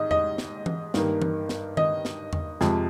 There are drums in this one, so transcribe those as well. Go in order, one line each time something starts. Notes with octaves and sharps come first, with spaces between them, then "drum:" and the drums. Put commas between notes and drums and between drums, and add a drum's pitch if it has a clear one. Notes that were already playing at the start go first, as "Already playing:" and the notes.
Already playing: G#2 D#5
D#5, drum: tom E2
drum: snare
drum: tom E3
G2 D#3 A#3, drum: snare
drum: tom E3
drum: snare
D#5, drum: tom D#3
drum: snare
drum: tom E2
F2 C3 F3 G#3, drum: snare